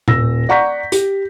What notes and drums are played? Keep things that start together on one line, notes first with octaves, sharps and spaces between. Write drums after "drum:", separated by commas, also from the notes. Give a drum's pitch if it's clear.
D#1 E6 A#6, drum: tom A2
D5 F#5 A#5 C#6 G6 B6
G4, drum: hi-hat